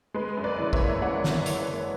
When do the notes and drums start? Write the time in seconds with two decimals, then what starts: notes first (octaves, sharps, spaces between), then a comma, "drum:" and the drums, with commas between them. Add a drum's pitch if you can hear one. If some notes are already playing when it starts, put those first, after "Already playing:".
0.14 G#3 B4
0.37 F#2
0.44 B4 D5
0.59 E3
0.73 C#5 E5, drum: kick
0.81 F#1
1.02 G#3 D5 F#5
1.24 F#2, drum: snare
1.30 C#5 E5
1.46 E3 C#5, drum: hi-hat
1.60 B4
1.67 F#1